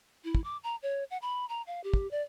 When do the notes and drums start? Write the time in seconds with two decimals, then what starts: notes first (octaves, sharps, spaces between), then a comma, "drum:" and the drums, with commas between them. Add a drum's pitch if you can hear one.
0.24 E4
0.35 drum: kick
0.44 D6
0.64 A#5
0.83 C#5
1.11 F#5
1.22 B5
1.49 A#5
1.67 F5
1.84 G4
1.94 drum: kick
2.11 D5